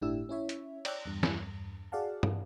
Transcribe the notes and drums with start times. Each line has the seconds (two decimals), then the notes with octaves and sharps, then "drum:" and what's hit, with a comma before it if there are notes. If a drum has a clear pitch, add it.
0.02 G1 A2 D4 E4 G4 E6
0.29 C#4 E4 C#5 E5
0.49 drum: hi-hat
0.85 C#5 D5 G5 D6 E6 F#6, drum: cymbal
1.05 E2 G2
1.23 drum: snare
1.92 F#4 G#4 D5 F5 F#5 A5
2.23 drum: tom